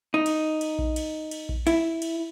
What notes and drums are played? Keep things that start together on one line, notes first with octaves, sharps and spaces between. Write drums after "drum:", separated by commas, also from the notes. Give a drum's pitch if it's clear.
D#4
drum: cymbal
drum: cymbal
drum: kick A#1
drum: cymbal
drum: cymbal
drum: kick A#1
E4, drum: cymbal
drum: cymbal